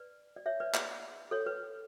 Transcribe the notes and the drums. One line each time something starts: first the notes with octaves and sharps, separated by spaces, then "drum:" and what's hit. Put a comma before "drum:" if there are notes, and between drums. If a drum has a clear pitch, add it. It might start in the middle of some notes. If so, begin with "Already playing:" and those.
Already playing: B4 D5
D5
C#5 E5
B4 D5
B4 D5, drum: clap
A4 C#5
B4